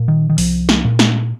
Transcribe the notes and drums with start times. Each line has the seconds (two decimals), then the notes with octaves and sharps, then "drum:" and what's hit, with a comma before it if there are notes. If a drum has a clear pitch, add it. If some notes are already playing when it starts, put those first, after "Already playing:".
Already playing: A#2
0.08 D#3
0.30 D#3
0.38 C2 F3, drum: open hi-hat
0.69 drum: snare
0.85 A#2
0.99 drum: snare